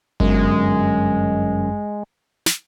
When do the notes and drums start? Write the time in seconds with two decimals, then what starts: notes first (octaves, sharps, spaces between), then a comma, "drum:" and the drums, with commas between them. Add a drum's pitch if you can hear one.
0.20 G1 F#2 G#3, drum: kick G1
2.46 drum: snare